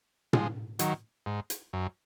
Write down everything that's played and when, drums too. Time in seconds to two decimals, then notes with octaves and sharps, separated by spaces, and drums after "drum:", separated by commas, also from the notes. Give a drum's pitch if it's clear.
0.33 F3 G#3, drum: tom
0.79 D#3 F#3, drum: hi-hat
1.26 G#2
1.50 drum: hi-hat
1.73 F#2